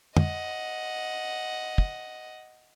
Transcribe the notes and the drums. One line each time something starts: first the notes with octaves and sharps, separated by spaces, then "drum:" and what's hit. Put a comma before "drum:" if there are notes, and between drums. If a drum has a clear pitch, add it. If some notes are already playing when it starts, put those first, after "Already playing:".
D#5 F#5, drum: tom
drum: kick